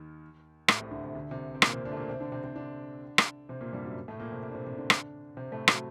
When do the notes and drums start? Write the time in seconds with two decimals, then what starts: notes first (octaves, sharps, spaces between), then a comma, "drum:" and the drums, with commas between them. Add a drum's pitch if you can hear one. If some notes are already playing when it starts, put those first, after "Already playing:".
Already playing: D#2 D#3
0.68 A2, drum: rim click
0.80 C2 C3
0.91 D2 D3
1.04 C2 C3
1.15 D2 D3
1.31 C2 C3
1.55 C4
1.62 A#2 A#3, drum: rim click
1.73 C3 C4
1.85 D3 D4
1.92 A3
1.97 A#2 A#3
2.08 C3 C4
2.20 D3 D4
2.32 C3 C4
2.43 C3 C4
2.56 D3 D4
3.18 drum: rim click
3.49 C3 C4
3.61 A#2 A#3
3.73 G2 G3
3.84 F#2 F#3
4.08 A2 A3
4.20 A#2 A#3
4.31 C3 C4
4.43 C3 C4
4.50 D4
4.55 C3 C4
4.66 C3 C4
4.78 D3 D4
4.90 drum: rim click
5.37 C3 C4
5.52 A2 A3
5.68 F#3, drum: rim click